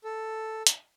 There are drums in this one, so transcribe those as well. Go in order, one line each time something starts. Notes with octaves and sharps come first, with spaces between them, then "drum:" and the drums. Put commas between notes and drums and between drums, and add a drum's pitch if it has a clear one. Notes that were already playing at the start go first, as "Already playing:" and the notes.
A4
drum: hi-hat